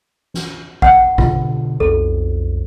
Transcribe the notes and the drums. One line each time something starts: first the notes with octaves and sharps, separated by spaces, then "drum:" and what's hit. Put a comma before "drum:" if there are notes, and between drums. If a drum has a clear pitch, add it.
drum: snare
F#5, drum: kick G#1
B2 D3 F4, drum: kick G#1
B1 F2 A4